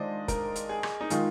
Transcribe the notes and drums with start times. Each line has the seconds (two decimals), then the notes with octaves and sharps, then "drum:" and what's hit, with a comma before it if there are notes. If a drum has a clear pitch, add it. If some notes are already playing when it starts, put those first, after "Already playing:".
Already playing: D#3 G#3 D4 F4 C5 D5 D#5
0.28 A#4, drum: kick F1, hi-hat
0.56 drum: hi-hat
0.69 G#4
0.83 drum: rim click
1.01 D#4
1.10 D#3 G#3 F4, drum: hi-hat